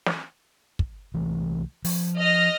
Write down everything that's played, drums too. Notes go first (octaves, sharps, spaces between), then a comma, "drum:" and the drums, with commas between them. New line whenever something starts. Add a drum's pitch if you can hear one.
drum: snare
drum: kick
C2 E3 A3
F3, drum: open hi-hat
D#5 F6 A#6